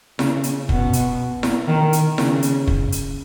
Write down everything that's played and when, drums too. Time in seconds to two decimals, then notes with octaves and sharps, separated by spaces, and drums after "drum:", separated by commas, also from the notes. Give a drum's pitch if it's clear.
0.19 C#3, drum: snare E4
0.44 drum: hi-hat
0.69 B2, drum: kick
0.93 drum: hi-hat
1.43 drum: snare E4
1.67 D#3
1.93 drum: hi-hat
2.18 C#3, drum: snare E4
2.43 drum: hi-hat
2.67 drum: kick
2.92 drum: hi-hat